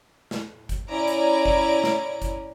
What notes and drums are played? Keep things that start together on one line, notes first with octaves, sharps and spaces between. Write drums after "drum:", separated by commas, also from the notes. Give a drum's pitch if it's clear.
drum: snare
drum: kick G1, hi-hat
C#4 E4 D5 A#5 D7
drum: hi-hat
drum: kick G1
drum: snare
drum: kick G1, hi-hat